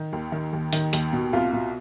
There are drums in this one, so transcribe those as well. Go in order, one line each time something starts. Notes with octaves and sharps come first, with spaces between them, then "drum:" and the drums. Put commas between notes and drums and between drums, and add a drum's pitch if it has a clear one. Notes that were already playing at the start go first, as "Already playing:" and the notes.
Already playing: D#3
D#2
D#3
D#2
D#3, drum: hi-hat
D#2, drum: hi-hat
B2
C2 F4
B2 F4